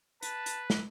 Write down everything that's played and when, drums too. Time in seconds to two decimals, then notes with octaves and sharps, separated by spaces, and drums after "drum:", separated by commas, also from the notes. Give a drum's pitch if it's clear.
0.22 B4 A5, drum: hi-hat
0.46 drum: hi-hat
0.70 drum: snare